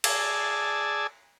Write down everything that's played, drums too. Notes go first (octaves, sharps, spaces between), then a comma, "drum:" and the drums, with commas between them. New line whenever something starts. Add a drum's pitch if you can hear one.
G#4 D5 G#5 A5 E6, drum: cymbal